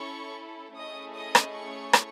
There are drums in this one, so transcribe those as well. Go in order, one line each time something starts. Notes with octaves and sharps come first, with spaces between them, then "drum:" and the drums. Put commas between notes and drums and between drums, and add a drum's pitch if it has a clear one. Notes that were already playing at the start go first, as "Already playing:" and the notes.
Already playing: C#4 E4 A4 C#5 C#6
A3 C#4 E4 G#4 D#5 D#6
D#5 D#6
drum: rim click
C#5 C#6
drum: rim click